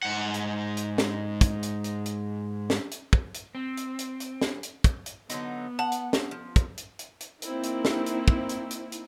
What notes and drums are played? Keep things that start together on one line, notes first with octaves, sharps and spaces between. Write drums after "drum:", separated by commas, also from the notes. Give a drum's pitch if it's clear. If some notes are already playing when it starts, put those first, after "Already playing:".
G#2 F#5
drum: hi-hat
drum: hi-hat
drum: snare
drum: kick, hi-hat
drum: hi-hat
drum: hi-hat
drum: hi-hat
drum: snare
drum: hi-hat
drum: kick
drum: hi-hat
C4
drum: hi-hat
drum: hi-hat
drum: hi-hat
drum: snare
drum: hi-hat
drum: kick, hi-hat
drum: hi-hat
D3 F#3 B3 D#4, drum: hi-hat
F#5 A5
drum: hi-hat
drum: snare
F3
drum: kick, hi-hat
drum: hi-hat
drum: hi-hat
drum: hi-hat
A#3 C4 D#4 E4, drum: hi-hat
drum: hi-hat
drum: snare
drum: hi-hat
drum: kick
drum: hi-hat
drum: hi-hat
drum: hi-hat